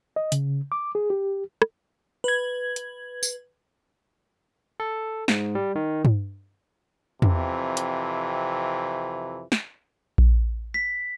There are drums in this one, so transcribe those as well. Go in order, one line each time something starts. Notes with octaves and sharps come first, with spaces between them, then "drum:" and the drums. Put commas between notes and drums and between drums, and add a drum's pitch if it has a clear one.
D#5
C#3, drum: hi-hat
D6
G#4
G4
drum: rim click
B4 G#6
drum: hi-hat
drum: tambourine
A4
G#2, drum: snare
G3
D#3
drum: tom
F2 C3 E3, drum: tom
drum: hi-hat
drum: snare
drum: kick A#1
B6